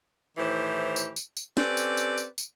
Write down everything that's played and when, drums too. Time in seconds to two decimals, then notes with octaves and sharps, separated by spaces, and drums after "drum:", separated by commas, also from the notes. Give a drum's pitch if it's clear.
0.38 A2 D#3 E3 G4 C5
0.96 drum: tambourine
1.16 drum: tambourine
1.37 drum: tambourine
1.57 C4 C#4 G4 A4 B4 D5, drum: snare
1.77 drum: tambourine
1.97 drum: tambourine
2.18 drum: tambourine
2.38 drum: tambourine